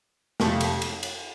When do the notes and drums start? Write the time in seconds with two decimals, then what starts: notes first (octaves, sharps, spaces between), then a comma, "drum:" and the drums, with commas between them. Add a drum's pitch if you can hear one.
0.40 F2 C3 F3 A3, drum: snare
0.61 drum: cymbal
0.82 drum: cymbal
1.03 drum: cymbal